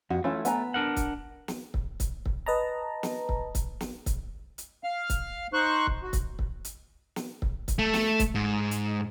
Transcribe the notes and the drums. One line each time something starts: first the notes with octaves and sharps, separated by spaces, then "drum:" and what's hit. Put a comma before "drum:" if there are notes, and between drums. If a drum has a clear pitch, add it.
F2 F#4
E3 A3 C#4 F4
B3 G#5 A#5, drum: hi-hat
D4 A#4 F#5
drum: kick, hi-hat
drum: snare
drum: kick
drum: kick, hi-hat
drum: kick
B4 D#5 A5 A#5
drum: snare
drum: kick
drum: kick, hi-hat
drum: snare
drum: kick, hi-hat
drum: hi-hat
F5 F6
drum: kick, hi-hat
D#4 C5 C#6 F#6
drum: kick
F#4
drum: kick, hi-hat
drum: kick
drum: hi-hat
drum: snare
drum: kick
drum: kick, hi-hat
A3
drum: snare
drum: kick, hi-hat
G#2
drum: hi-hat